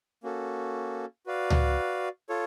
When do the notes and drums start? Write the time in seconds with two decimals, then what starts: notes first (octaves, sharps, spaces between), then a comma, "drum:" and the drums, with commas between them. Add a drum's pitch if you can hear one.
0.23 A#3 C#4 F#4 A4
1.26 F#4 B4 D5 F5
1.50 drum: tom C#2
2.29 F4 A4 C#5